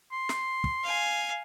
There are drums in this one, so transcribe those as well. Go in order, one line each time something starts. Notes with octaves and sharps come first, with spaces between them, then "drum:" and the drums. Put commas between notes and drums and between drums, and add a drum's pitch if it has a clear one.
C6
drum: snare
drum: kick
F5 G#5